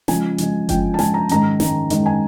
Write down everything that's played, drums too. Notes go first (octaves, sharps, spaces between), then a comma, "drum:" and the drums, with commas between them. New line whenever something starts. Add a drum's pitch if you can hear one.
C#3 F3 G#3 G#5, drum: snare
C#3 F3 G#3, drum: hi-hat
C#3 F3 G#3 G5, drum: kick F#1, hi-hat
A5
C#3 F3 G#3 G#5, drum: snare
A#5
G#2 D#3 G#3 C#4 A#5, drum: hi-hat
G#2 D#3 G#3 C#4, drum: snare
G#2 D#3 G#3 C#4, drum: hi-hat
G#5